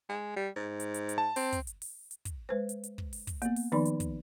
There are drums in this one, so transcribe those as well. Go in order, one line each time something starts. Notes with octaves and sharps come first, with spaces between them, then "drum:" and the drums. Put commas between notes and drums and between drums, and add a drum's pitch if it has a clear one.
G#3
G3
G#2
drum: hi-hat
drum: hi-hat
drum: hi-hat
A5
C4, drum: open hi-hat
drum: kick, hi-hat
drum: hi-hat
drum: open hi-hat
drum: hi-hat
drum: kick, hi-hat
G#3 B4 C5
drum: hi-hat
drum: hi-hat
drum: kick
drum: open hi-hat
drum: kick, hi-hat
A#3 B3, drum: hi-hat
drum: open hi-hat
D#3 F3 B3 D#4 D5 B5
drum: hi-hat
drum: kick, hi-hat